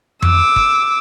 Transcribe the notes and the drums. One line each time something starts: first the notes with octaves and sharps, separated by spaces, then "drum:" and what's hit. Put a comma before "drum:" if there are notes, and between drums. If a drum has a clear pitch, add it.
D6 E6, drum: tom F2
drum: kick